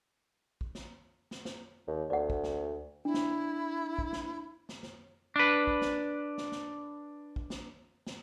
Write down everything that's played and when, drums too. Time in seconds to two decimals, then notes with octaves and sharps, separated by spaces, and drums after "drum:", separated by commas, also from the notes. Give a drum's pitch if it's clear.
0.61 drum: kick
0.75 drum: snare
1.31 drum: snare
1.45 drum: snare
1.87 D#2
2.10 D2 D5 F#5
2.30 drum: kick
2.44 drum: snare
3.05 D4 E4
3.14 drum: snare
3.99 drum: kick
4.13 drum: snare
4.69 drum: snare
4.83 drum: snare
5.36 D4 B4
5.67 drum: kick
5.81 drum: snare
6.38 drum: snare
6.52 drum: snare
7.36 drum: kick
7.50 drum: snare
8.07 drum: snare